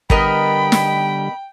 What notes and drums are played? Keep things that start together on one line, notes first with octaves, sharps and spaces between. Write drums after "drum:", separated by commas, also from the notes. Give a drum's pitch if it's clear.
D3 G3 B3 A#4 D#5 G5 B5, drum: kick
drum: snare